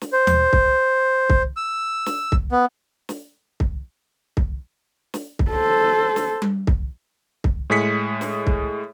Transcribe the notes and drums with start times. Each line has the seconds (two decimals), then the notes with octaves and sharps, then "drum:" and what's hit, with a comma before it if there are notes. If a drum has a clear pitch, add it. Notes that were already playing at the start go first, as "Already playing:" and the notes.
0.01 drum: snare
0.13 C5
0.27 drum: tom D#2
0.53 drum: kick C2
1.30 drum: kick C2
1.57 E6
2.06 drum: snare
2.32 drum: kick C2
2.52 B3
3.09 drum: snare
3.60 drum: kick C2
4.37 drum: kick C2
5.14 drum: snare
5.39 drum: kick C2
5.51 A4 C5
6.16 drum: snare
6.42 drum: tom G3
6.67 drum: kick C2
7.44 drum: kick C2
7.70 A2 G#3 G#4 B6 C#7
8.21 drum: snare
8.47 drum: kick C2